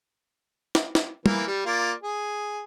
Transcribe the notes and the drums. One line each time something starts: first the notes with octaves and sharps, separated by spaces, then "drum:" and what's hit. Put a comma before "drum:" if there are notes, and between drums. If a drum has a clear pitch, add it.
drum: snare
drum: snare
E3 A#3 B4, drum: tom
G3
A#3 F4 D5
G#4